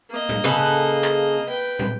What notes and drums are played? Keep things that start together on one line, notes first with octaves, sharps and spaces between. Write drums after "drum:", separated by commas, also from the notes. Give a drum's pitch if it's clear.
A#3 D#5
drum: tom
C#3 A4 B4
drum: clap
B4 G5
drum: tom